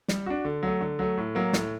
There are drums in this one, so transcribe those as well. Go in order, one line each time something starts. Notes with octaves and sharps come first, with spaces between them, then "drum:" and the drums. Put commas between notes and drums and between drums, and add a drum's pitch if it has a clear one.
G3, drum: snare
D4 F#4
D3
F#3 A3
D3
F#3 A3
A2
F#3 A#3
A2, drum: snare